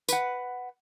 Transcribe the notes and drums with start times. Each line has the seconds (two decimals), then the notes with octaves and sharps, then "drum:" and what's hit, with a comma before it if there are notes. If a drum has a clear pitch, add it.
0.09 B4 F#5, drum: tambourine